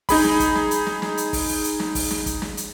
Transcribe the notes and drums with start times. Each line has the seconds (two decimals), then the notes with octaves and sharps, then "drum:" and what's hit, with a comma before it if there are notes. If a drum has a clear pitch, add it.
0.09 D#4 G#4 B5, drum: kick, open hi-hat
0.24 drum: snare
0.40 drum: kick, hi-hat
0.55 drum: snare
0.71 drum: hi-hat
0.86 drum: snare
1.02 drum: snare
1.17 drum: hi-hat
1.33 drum: kick, open hi-hat
1.49 drum: open hi-hat
1.64 drum: hi-hat
1.80 drum: snare
1.95 drum: kick, open hi-hat
2.11 drum: snare
2.26 drum: kick, hi-hat
2.42 drum: snare
2.57 drum: hi-hat